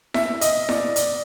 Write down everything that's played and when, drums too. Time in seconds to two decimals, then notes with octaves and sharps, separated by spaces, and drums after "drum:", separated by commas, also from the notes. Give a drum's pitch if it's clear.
0.14 E5, drum: snare E4
0.41 D#5, drum: hi-hat
0.69 D5, drum: snare E4
0.96 D5, drum: hi-hat